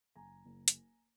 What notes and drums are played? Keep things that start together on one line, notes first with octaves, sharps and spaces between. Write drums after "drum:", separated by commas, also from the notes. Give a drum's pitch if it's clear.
F#1 G#5 A#5
F#1
drum: hi-hat